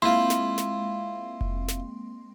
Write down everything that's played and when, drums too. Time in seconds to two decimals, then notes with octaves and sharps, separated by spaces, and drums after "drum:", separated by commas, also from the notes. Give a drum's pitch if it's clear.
0.02 G#3 A#3 C4 E4 F4 C6
0.30 drum: snare
0.58 drum: snare
1.41 drum: kick F1
1.68 drum: snare